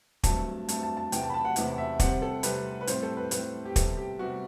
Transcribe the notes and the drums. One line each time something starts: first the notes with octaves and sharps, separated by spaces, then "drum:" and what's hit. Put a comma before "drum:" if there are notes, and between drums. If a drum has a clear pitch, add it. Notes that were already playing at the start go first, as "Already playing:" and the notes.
G2 F#3 A3 C4 A5, drum: kick, hi-hat
G2 F#3 A3 C4 A5, drum: hi-hat
A5
A5
E2 C3 E3 G5, drum: hi-hat
A5
B5
A5
F#5
E2 C3 E3 F#5, drum: hi-hat
E5
C3 G3 C4 F#5, drum: kick, hi-hat
A4
C3 G3 C4 B4, drum: hi-hat
B4
A2 G3 C4 C5, drum: hi-hat
A4
B4
A2 G3 C4 B4, drum: hi-hat
G4
C3 G3 B3 A4, drum: kick, hi-hat
G4
C3 G3 B3 F#4